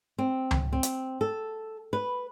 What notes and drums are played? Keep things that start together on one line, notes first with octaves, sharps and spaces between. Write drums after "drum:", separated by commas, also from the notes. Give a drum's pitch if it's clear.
C4
drum: tom C#2
C4
drum: hi-hat
A4
B4